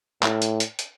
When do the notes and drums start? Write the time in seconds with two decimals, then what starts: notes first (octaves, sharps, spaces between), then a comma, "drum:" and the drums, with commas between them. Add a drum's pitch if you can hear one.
0.23 A2, drum: clap
0.42 drum: hi-hat
0.60 drum: hi-hat
0.79 drum: hi-hat